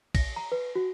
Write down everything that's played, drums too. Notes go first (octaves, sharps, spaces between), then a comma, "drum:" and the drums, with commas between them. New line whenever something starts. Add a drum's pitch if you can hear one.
A#6, drum: kick, cymbal
A#5
B4
F#4